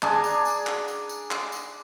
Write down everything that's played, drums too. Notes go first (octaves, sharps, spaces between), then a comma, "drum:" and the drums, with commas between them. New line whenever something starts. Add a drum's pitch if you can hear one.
D4 G#4 G#5 A#5, drum: clap
drum: tambourine
drum: tambourine
drum: clap
drum: tambourine
drum: tambourine
drum: clap
drum: tambourine